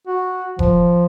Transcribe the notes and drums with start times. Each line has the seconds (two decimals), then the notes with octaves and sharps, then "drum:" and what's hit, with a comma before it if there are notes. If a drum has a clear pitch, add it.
0.07 F#4
0.59 F3, drum: kick F1